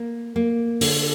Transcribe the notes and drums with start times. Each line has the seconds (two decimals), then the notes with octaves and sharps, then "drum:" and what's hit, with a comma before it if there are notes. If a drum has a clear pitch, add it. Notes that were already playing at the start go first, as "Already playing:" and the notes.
Already playing: A#3
0.36 A#3
0.81 D3, drum: open hi-hat